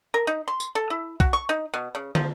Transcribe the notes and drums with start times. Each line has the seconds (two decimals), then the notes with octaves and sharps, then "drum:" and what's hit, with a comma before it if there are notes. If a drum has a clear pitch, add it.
0.14 A#4
0.27 D#4
0.48 C6
0.60 drum: tambourine
0.75 A4
0.90 E4
1.20 F#4, drum: kick
1.33 C#6
1.49 D#4
1.74 B2
1.95 C#3
2.15 F3, drum: tom